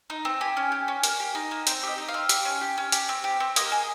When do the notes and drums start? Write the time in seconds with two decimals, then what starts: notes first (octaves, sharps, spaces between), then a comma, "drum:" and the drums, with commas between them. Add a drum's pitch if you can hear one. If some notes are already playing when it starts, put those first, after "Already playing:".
0.10 D#4
0.25 C4
0.41 G4 G#5
0.57 C#4
0.72 G4
0.88 C#4
1.03 A#3, drum: hi-hat
1.20 G4
1.35 D#4
1.51 A#3
1.67 C4 G5, drum: hi-hat
1.83 G4 D#5
1.98 D#4
2.08 F5
2.14 C4
2.29 G4, drum: hi-hat
2.45 C#4
2.61 G4
2.78 C#4
2.92 G4, drum: hi-hat
3.09 C4
3.24 G4
3.40 C4
3.56 A#3 D#5, drum: hi-hat
3.72 G#4